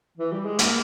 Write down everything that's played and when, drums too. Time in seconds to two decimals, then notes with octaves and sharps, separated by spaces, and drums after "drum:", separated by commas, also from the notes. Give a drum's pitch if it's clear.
0.17 E3
0.32 G3
0.45 G#3
0.59 A#3, drum: hi-hat